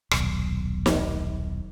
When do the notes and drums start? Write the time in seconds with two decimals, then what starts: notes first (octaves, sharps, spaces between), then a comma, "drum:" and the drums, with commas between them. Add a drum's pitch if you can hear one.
0.11 D#1 B1, drum: rim click
0.86 drum: snare